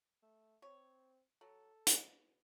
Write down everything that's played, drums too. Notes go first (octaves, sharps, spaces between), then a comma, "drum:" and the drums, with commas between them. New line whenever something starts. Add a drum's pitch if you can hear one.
A3
C4 C#5
F#3 A4
B2, drum: hi-hat